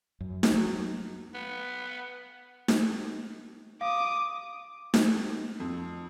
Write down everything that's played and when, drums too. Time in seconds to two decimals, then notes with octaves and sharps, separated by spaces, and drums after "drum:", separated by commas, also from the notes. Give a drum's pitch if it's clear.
0.21 F#2
0.43 drum: snare D#4
0.54 F#3
1.34 B3
2.68 drum: snare D#4
3.81 F5 D6 D#6
4.94 drum: snare D#4
5.60 F2